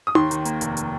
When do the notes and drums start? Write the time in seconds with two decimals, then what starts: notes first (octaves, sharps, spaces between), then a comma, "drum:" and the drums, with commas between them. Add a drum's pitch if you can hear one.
0.07 D#6
0.15 D#2 C6, drum: tom D#4
0.31 D#3, drum: hi-hat
0.45 A#3, drum: hi-hat
0.61 F1, drum: hi-hat
0.77 drum: hi-hat